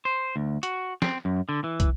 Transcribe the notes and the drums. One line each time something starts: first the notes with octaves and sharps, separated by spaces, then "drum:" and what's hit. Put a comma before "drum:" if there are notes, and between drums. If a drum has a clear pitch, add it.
C5
D2
F#4, drum: hi-hat
C4, drum: snare
F#2
D3
E3
drum: kick, hi-hat